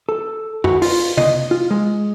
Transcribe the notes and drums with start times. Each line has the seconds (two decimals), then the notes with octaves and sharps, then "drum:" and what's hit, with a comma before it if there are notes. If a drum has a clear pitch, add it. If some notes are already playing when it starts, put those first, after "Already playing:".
0.09 A4
0.64 F#4, drum: tom F#2
0.82 F4, drum: open hi-hat
1.17 D#5, drum: tom
1.51 F4
1.71 G#3